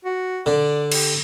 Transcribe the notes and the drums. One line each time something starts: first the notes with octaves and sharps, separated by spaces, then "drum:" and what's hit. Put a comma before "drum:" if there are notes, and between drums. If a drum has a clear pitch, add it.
F#4
D3 D5
G4, drum: cymbal